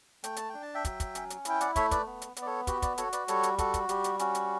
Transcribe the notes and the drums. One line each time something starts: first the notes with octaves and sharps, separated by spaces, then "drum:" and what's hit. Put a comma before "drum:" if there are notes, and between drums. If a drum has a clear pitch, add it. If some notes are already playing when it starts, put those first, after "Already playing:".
A3 G5, drum: hi-hat
A5, drum: hi-hat
D4 G5
A5
E5 G5
F#3, drum: kick, hi-hat
drum: kick, hi-hat
C#4, drum: hi-hat
drum: hi-hat
E4 G5, drum: hi-hat
D5 F#5, drum: hi-hat
A3 C#5 E5, drum: kick, hi-hat
B4 D5, drum: kick, hi-hat
B3
drum: hi-hat
B3, drum: hi-hat
D5
A4 C#5
F#4 G4 B4, drum: kick, hi-hat
B4 D5, drum: kick, hi-hat
F#4 A4 C#5, drum: hi-hat
B4 D5, drum: hi-hat
G3 A4 C#5, drum: hi-hat
drum: hi-hat
F#4 A4, drum: kick, hi-hat
drum: kick, hi-hat
G3 G4, drum: hi-hat
drum: hi-hat
C#4 F#4, drum: hi-hat
drum: hi-hat